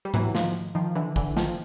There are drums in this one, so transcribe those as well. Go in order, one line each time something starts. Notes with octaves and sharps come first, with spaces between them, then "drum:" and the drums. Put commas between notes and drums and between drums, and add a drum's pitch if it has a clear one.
G3
E3 F#3, drum: tom G#2
D#3 F3, drum: snare
D#3 F3
D3 E3
D3 E3, drum: kick
D#3 F3, drum: snare